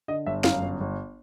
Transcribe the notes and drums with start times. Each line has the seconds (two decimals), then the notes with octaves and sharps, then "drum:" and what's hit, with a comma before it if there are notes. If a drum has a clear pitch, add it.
0.08 D3 D#5
0.26 G1 E5
0.44 F#2 F5, drum: snare
0.62 G1
0.81 G1